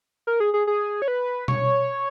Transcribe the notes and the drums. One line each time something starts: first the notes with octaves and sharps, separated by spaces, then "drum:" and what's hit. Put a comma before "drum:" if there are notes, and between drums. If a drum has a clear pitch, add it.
A#4
G#4
G#4
G#4
C#5
B4
C#5, drum: tom B2